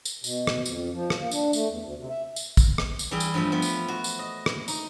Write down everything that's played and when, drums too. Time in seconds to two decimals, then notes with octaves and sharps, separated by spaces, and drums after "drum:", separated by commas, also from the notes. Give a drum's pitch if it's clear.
0.05 drum: tambourine
0.24 B2, drum: tambourine
0.47 drum: rim click
0.65 F2, drum: tambourine
0.93 F3
1.10 drum: rim click
1.20 A#3
1.31 D4, drum: tambourine
1.53 A3, drum: tambourine
1.70 E2
1.82 D2
1.97 C3
2.10 E5
2.36 drum: tambourine
2.57 drum: kick, tambourine
2.78 drum: rim click
2.99 drum: tambourine
3.11 E3 G3 G4 G#4
3.20 drum: tambourine
3.34 G2 F3 A3
3.52 F3 B3
3.62 drum: tambourine
3.88 F#4
4.04 drum: tambourine
4.19 D#5
4.46 drum: rim click
4.68 D#4, drum: tambourine